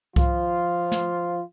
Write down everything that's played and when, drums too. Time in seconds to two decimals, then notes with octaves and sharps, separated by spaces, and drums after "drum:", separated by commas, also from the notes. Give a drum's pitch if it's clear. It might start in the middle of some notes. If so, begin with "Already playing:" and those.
0.16 F3 F4, drum: kick C2
0.92 drum: snare